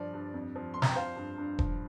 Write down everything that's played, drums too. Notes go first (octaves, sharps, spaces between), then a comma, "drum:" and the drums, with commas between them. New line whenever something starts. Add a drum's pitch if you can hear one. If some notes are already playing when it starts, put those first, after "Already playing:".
Already playing: G2 F3 D5
G2
F2
F3
F2 C6
A#5, drum: snare
G5
F3 C5 F5
G2
G2
F3, drum: kick E1